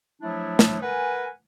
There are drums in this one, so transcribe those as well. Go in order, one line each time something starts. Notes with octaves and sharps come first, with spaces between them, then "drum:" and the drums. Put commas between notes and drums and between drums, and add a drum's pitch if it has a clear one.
F3 F#3 A3 D4 E4
drum: snare
A#4 B4 F#5 G#5